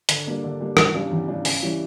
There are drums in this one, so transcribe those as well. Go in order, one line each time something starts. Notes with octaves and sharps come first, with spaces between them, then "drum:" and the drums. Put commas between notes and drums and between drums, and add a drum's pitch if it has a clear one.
D3, drum: hi-hat
G3 A#3 D4
D3
G3 A#3 D4
E2, drum: rim click
C#3 G3 D4
E2
C#3 G3 D4
C#3, drum: open hi-hat
E3 G3 C#4